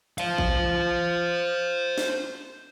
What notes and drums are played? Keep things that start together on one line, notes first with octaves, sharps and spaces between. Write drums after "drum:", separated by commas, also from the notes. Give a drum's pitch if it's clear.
C5 F5, drum: hi-hat
drum: kick A1
drum: snare